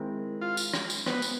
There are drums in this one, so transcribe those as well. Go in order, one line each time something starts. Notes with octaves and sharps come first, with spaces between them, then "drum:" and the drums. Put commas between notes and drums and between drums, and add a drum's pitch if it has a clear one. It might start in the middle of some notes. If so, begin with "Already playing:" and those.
Already playing: D#3 G#3 C4 E4
F4
drum: tambourine
drum: rim click
drum: tambourine
B3, drum: rim click
drum: tambourine